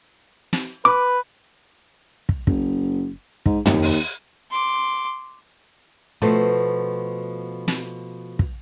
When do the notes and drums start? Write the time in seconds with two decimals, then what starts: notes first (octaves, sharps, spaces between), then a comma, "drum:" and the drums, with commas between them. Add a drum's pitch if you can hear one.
0.53 drum: snare
0.85 B4 D6
2.29 drum: kick
2.47 F#1, drum: kick
3.46 G#2, drum: kick
3.66 D#2, drum: tom
3.82 drum: open hi-hat
4.50 C6 D6
6.22 B2 F3 A3 B3
7.68 drum: snare
8.39 drum: kick